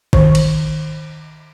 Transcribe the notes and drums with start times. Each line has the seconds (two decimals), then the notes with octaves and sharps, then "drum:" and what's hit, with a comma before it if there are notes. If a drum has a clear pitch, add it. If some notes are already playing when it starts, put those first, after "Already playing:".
0.13 D#3, drum: kick
0.35 drum: cymbal